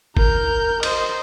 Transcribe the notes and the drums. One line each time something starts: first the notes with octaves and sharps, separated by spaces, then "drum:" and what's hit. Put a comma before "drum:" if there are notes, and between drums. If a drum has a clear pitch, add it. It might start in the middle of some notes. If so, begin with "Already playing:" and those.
A#4 G6, drum: kick G1
C5 D#5, drum: cymbal